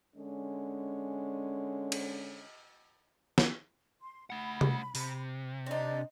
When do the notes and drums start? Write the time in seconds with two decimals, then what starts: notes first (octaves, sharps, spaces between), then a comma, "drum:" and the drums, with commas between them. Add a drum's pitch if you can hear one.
0.16 D3 G#3 C#4
1.92 drum: cymbal
3.38 drum: snare
4.01 C6
4.30 A3 F#5 B5
4.61 drum: tom C3
4.95 C3, drum: open hi-hat
5.66 C4 D4 D#4 D5